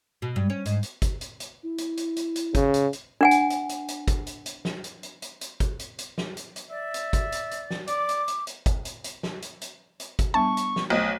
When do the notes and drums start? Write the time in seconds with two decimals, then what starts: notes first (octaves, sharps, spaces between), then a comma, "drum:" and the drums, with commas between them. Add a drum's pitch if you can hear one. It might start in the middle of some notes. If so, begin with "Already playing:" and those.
0.22 B2
0.36 G2
0.50 C#4
0.66 G#2, drum: hi-hat
0.83 drum: hi-hat
1.02 drum: kick G1, hi-hat
1.21 drum: hi-hat
1.40 drum: hi-hat
1.63 E4
1.78 drum: hi-hat
1.97 drum: hi-hat
2.17 drum: hi-hat
2.36 drum: hi-hat
2.55 C#3, drum: kick G1, hi-hat
2.74 drum: hi-hat
2.93 drum: hi-hat
3.21 D4 F#5 G#5
3.31 drum: hi-hat
3.50 drum: hi-hat
3.69 drum: hi-hat
3.88 drum: hi-hat
4.08 drum: kick G1, hi-hat
4.27 drum: hi-hat
4.46 drum: hi-hat
4.65 drum: snare
4.84 drum: hi-hat
5.03 drum: hi-hat
5.22 drum: hi-hat
5.41 drum: hi-hat
5.60 drum: kick G1, hi-hat
5.79 drum: hi-hat
5.99 drum: hi-hat
6.18 drum: snare
6.37 drum: hi-hat
6.56 drum: hi-hat
6.71 D5 E5
6.94 drum: hi-hat
7.13 drum: kick G1, hi-hat
7.32 drum: hi-hat
7.51 drum: hi-hat
7.70 drum: snare
7.88 D5 D6, drum: hi-hat
8.09 drum: hi-hat
8.28 drum: hi-hat
8.47 drum: hi-hat
8.66 drum: kick G1, hi-hat
8.85 drum: hi-hat
9.04 drum: hi-hat
9.23 drum: snare
9.42 drum: hi-hat
9.62 drum: hi-hat
10.00 drum: hi-hat
10.19 drum: kick G1, hi-hat
10.34 G3 B3 D4 A5 C#6
10.57 drum: hi-hat
10.76 drum: snare
10.90 B1 A3 C5 D#5 D#6